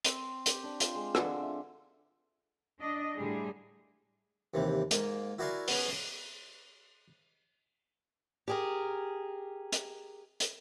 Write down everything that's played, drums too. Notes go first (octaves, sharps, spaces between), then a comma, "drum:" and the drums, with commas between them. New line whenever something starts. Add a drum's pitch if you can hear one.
C4, drum: hi-hat
G4, drum: hi-hat
D4
F4, drum: hi-hat
G#3
D3, drum: rim click
E5
D4 D#5
A2 D3 G3 G#4
D#2 C3 E3
G#2 A#3, drum: hi-hat
E4 F#4 A#4 D5 G#5 C6
B3 C#4, drum: open hi-hat
C6
G4 G#4 A#4
drum: hi-hat
drum: hi-hat